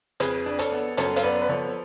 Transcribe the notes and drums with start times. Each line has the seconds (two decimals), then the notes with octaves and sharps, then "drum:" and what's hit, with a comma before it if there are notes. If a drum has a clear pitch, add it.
0.20 F2 G#4 B4, drum: hi-hat
0.46 D4
0.59 A4 C#5, drum: hi-hat
0.72 B3
0.97 F#2 A4 C#5, drum: hi-hat
1.16 F5, drum: hi-hat
1.23 B3 B4 D5
1.42 B4
1.49 F3 A4 C#5